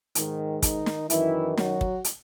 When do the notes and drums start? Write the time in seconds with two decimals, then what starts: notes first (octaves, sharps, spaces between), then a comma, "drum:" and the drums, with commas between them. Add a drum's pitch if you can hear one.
0.15 G#2 D#3, drum: hi-hat
0.62 D#3 D#4, drum: kick, hi-hat
0.86 drum: snare
1.10 F#2 D#3 E3 E4, drum: hi-hat
1.57 F#3 F#4, drum: snare
1.81 drum: kick
2.04 drum: hi-hat